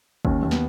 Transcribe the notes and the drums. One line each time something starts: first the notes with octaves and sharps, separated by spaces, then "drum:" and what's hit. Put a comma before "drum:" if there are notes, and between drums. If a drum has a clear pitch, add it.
D#2 C#4, drum: kick G1
D#2
B3, drum: snare